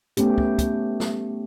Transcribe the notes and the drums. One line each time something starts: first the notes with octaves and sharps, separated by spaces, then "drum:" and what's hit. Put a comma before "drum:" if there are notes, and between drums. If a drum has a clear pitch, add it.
A3 B3 C#4 G4, drum: hi-hat
drum: kick
drum: kick, hi-hat
drum: snare